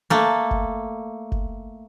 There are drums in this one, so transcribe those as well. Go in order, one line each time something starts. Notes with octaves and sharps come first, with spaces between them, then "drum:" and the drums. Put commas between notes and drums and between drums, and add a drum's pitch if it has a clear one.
A3 A#3
drum: kick F#1
drum: kick F#1